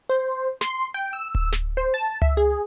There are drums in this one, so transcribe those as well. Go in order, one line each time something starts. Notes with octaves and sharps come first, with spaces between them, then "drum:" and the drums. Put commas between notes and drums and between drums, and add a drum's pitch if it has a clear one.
C5
C6, drum: snare
G5
E6
drum: kick D1
drum: snare
C5
A5
E5, drum: tom C#2
G#4